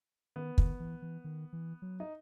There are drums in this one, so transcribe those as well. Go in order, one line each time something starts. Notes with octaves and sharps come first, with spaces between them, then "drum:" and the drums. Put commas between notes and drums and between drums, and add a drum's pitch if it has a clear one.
D#3 B3
D#3, drum: kick
E3
E3
D#3
E3
F#3
D#4